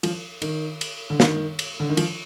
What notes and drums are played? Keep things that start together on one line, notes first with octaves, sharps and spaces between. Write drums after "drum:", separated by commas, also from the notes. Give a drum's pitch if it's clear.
F3, drum: cymbal
D#3, drum: cymbal
drum: cymbal
D3
D#3, drum: snare
drum: cymbal
D3
D#3
F3, drum: cymbal